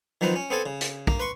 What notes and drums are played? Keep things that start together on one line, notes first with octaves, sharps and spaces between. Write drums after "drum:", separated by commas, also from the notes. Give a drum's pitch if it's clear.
D#3 F3 F#3 C4 B4
C#4
B3 C4 A4 G#5 A5
C#3
drum: hi-hat
A#3, drum: kick
B4 C6 C#6